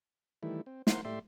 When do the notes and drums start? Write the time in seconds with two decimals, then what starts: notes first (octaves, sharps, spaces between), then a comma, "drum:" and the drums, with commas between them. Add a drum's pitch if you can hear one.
0.43 D#3 E3 G3 A3 E4
0.66 C4
0.87 E4 A#4 C5 F#5 C6, drum: snare
1.05 A2 A3 G4 D5 E5 C6